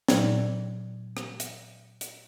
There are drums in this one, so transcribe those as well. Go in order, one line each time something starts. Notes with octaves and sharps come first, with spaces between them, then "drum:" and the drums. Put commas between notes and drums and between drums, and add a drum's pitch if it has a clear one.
A#2 F#3 D#4 D5 G#6, drum: snare
drum: rim click
drum: hi-hat
drum: hi-hat